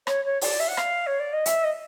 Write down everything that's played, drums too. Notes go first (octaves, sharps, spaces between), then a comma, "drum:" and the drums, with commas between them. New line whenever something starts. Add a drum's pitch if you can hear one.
C#5, drum: rim click
C#5
D5, drum: open hi-hat
E5
F#5
F5, drum: rim click
C#5
D5
D#5
E5, drum: hi-hat
D#5